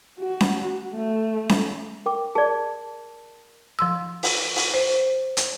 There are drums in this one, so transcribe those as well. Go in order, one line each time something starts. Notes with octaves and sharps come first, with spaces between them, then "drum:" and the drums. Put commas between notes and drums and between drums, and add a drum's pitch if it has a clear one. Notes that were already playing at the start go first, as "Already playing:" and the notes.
F#4
drum: snare C#4
A3
drum: snare C#4
A#4 G5 D6
G#4 A#4 D5 A5
F3 C6 E6
drum: open hi-hat
drum: open hi-hat
C5
drum: hi-hat